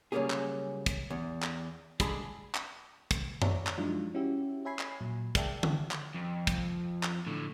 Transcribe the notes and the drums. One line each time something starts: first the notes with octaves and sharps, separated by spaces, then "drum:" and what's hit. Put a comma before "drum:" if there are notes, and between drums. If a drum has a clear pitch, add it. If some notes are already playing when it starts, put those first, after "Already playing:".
C#3 F#3 G3 A#3 C#4 G#4
drum: clap
drum: kick, hi-hat
E2
drum: clap
D3 G#3 G#4 A5 B5, drum: kick, hi-hat
drum: clap
drum: kick, hi-hat
C#5 D5 E5 A#5, drum: tom F#2
drum: clap
F3 F#3 G#3 D4 D#4 F4
C#4 E4 F#4 G4 E5
C#5 E5 G#5 B5 G#6 C7
drum: clap
A#2 F#3
G#4 A#4 D5 E5 G5 A5, drum: kick, hi-hat
drum: tom D3
drum: clap
F2
drum: kick, hi-hat
drum: clap
A2 D3